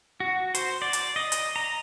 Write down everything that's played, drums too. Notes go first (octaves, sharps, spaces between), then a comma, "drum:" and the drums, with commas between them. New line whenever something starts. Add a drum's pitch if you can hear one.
F#4
C5, drum: hi-hat
D5
drum: hi-hat
D#5
drum: hi-hat
A#5